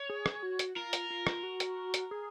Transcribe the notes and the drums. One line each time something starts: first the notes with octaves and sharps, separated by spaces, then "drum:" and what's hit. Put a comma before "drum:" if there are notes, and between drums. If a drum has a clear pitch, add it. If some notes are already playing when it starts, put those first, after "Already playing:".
Already playing: C#5
G#4
drum: rim click
F#4
drum: hi-hat
F4 A#4
drum: hi-hat
F4
drum: rim click
F#4
drum: hi-hat
drum: hi-hat
G#4